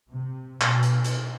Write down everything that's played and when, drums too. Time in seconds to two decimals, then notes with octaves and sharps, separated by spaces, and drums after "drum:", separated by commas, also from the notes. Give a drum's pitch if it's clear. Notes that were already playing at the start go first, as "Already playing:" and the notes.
0.11 C3
0.61 B2, drum: clap
0.83 drum: hi-hat
1.04 drum: hi-hat